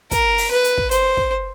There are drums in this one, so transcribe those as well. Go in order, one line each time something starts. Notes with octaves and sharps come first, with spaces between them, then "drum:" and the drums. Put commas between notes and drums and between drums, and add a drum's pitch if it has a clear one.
A#4, drum: kick, hi-hat
drum: open hi-hat
B4
drum: hi-hat
drum: kick
C5, drum: hi-hat
drum: kick